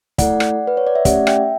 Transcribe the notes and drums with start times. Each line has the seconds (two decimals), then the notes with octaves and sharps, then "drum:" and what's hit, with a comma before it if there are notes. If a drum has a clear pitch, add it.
0.18 A3 E4 A4 D5 F#5, drum: kick, hi-hat
0.40 drum: rim click
0.67 B4
0.77 C#5
0.87 D5
0.95 E5
1.05 A3 C#4 G4 D5 F#5, drum: kick, hi-hat
1.27 E5 G5, drum: rim click